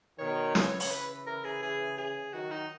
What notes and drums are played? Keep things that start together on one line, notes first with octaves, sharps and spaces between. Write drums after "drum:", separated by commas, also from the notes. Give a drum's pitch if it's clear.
B2 D#3 C#5
C#3 E3, drum: snare
C#5, drum: open hi-hat
B4
A#4
G#4
G#4
G#4
D#3 F#3 F#4
D#4